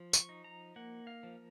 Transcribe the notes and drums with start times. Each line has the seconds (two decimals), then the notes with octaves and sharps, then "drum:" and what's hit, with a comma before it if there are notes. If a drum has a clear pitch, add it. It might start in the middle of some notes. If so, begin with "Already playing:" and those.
Already playing: F3
0.13 C#6, drum: tambourine
0.29 D#4
0.44 A#5
0.76 A#3 F#5
1.07 F5
1.23 F3